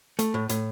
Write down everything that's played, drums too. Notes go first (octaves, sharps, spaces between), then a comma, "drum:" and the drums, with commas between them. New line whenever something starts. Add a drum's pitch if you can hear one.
A3, drum: hi-hat
A2
A2, drum: hi-hat